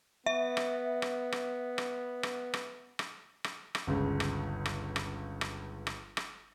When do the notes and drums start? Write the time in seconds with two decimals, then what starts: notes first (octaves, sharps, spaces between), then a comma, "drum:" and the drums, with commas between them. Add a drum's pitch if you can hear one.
0.26 B3 E5
0.57 drum: rim click
1.02 drum: rim click
1.32 drum: rim click
1.78 drum: rim click
2.23 drum: rim click
2.54 drum: rim click
2.99 drum: rim click
3.44 drum: rim click
3.75 drum: rim click
3.87 G1 C#2 C#3
4.20 drum: rim click
4.65 drum: rim click
4.96 drum: rim click
5.41 drum: rim click
5.87 drum: rim click
6.17 drum: rim click